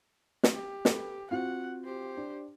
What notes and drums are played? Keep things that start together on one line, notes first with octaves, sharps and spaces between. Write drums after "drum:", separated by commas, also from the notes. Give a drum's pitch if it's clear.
drum: snare
G4
A4 B4, drum: snare
C4 F4 F#4 F#5
G4 C5
D4